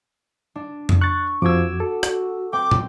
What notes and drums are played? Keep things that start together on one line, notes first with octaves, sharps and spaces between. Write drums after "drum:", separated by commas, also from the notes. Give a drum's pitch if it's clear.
D4
drum: tom F2
C#6 F#6 A6
F2 F3 F#4 D6 E6 G#6
F#4 A4
drum: rim click
C4 G5 D6
drum: tom